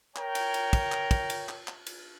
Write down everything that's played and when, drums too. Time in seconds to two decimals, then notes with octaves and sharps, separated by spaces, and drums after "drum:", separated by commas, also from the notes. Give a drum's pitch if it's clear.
0.16 A#4 C#5 G5, drum: clap
0.35 drum: cymbal
0.54 drum: cymbal
0.73 drum: kick, cymbal
0.92 drum: clap
1.11 drum: kick, cymbal
1.30 drum: cymbal
1.49 drum: clap
1.68 drum: clap
1.87 drum: cymbal